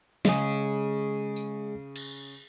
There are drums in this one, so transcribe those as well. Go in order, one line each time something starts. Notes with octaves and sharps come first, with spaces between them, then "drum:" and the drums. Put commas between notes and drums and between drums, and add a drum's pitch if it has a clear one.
C#3 G#3 G#4, drum: snare
drum: tambourine
drum: cymbal